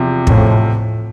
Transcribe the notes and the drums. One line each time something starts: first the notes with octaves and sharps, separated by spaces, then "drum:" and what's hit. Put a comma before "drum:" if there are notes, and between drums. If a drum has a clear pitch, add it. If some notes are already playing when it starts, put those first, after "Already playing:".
Already playing: E2 C3 F3
F2 A2, drum: kick